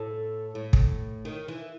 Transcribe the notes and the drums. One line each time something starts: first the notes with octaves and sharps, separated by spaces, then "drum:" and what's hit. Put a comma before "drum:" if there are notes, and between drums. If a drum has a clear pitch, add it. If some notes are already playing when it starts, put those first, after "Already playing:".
Already playing: A2 A4
A2
drum: kick
D#3
E3